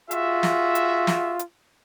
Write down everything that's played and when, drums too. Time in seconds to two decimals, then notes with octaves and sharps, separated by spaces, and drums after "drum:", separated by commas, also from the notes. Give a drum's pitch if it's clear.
0.11 F4 F#4 G#4 E5, drum: hi-hat
0.43 drum: snare
0.75 drum: hi-hat
1.07 drum: snare
1.39 drum: hi-hat